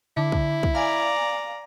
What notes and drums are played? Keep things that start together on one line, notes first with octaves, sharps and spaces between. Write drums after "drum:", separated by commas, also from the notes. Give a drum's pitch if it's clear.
D3 E4
drum: kick
drum: kick
D5 F5 G#5 A#5